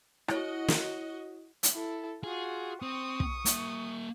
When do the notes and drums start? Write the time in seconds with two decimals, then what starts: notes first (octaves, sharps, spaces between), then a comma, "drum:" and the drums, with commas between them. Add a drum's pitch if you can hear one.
0.28 E4 F#4 C#5 D#5, drum: rim click
0.68 drum: snare
1.63 drum: hi-hat
1.72 E4 A4
2.24 F4 F#4 G#4
2.82 C4 C#6 D#6
3.20 drum: kick
3.45 A#3 E5, drum: hi-hat